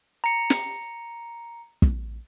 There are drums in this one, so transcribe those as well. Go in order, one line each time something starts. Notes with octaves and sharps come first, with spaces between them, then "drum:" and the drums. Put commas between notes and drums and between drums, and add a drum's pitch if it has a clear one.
A#5 C#7
drum: snare
drum: kick